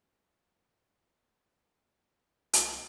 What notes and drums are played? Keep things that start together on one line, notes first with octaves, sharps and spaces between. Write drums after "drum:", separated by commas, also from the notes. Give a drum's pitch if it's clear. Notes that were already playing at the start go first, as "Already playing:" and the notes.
B1 A3, drum: hi-hat